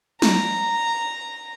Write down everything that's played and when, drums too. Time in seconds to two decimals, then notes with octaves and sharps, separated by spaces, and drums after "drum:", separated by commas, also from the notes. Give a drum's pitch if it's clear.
0.22 A#5, drum: snare